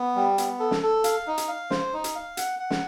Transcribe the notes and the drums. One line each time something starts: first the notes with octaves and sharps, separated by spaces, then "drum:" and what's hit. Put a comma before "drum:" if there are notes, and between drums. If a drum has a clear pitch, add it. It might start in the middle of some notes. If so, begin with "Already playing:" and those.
Already playing: B3
G3
B3, drum: hi-hat
A4
drum: snare
A4
F5, drum: hi-hat
D#4
drum: hi-hat
F5
C5, drum: snare
D#4
drum: hi-hat
F5
F#5, drum: hi-hat
F#5
drum: snare